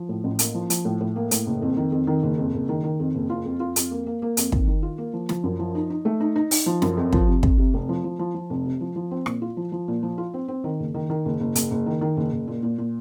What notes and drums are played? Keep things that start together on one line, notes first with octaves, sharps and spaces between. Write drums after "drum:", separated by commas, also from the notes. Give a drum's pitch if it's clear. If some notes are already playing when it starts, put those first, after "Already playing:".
Already playing: F3
A2
A1
A#3, drum: hi-hat
F3
F3, drum: hi-hat
A2
A2
A#3
A2, drum: hi-hat
F#1
F2
D#3
F2
D#3
F#1
F2
F#1
D#3
D#3
F2
F#1
F4
F2
F4
F2, drum: hi-hat
A#3
A#3
A#3
F2, drum: hi-hat
D#3, drum: kick
D#3
F4
A#3
F3
F3, drum: snare
F#2
F3
D#4
D#4
A3
D#4
D#4
D#4, drum: open hi-hat
F3
F#2, drum: snare
F2
F3, drum: kick
C3
F2, drum: kick
C3
F1
F3
F3
F3
F3
F1
C3
F3
F3
C4
A#2, drum: rim click
F4
F3
F3
A#2
F3
F4
C4
C4
D#3
F#1
D#3
D#3
F#1
F#1
F#1, drum: hi-hat
F#1
D#3
D#3
F#1
F#1
A#2
A#2
A#2